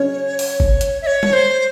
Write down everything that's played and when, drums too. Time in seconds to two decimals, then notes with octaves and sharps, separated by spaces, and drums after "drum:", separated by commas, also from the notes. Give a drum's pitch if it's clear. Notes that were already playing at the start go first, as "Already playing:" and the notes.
Already playing: C#4 C#5
0.39 drum: open hi-hat
0.60 drum: kick
0.81 drum: hi-hat
1.02 E5
1.07 C#5
1.23 drum: tom G3
1.33 C5